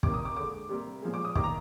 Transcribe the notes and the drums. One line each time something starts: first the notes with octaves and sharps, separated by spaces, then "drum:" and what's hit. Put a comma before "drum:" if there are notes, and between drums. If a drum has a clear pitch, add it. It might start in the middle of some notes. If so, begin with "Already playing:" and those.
C3 D#3 A#3 D6, drum: kick
D#6
D6
D3 G#3 D6
C3 G3 A#3
A#2 F3 G#3
D6
D#6
D#3 G3 A#3 D6, drum: kick
A#5